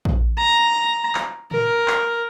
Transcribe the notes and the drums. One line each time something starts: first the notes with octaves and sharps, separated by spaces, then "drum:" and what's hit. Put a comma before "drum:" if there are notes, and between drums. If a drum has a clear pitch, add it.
drum: kick
A#5
drum: clap
A#4, drum: tom A2
drum: clap